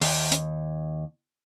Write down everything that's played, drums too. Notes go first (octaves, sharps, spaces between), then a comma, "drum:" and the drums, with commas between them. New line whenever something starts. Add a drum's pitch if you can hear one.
D#2, drum: open hi-hat
drum: hi-hat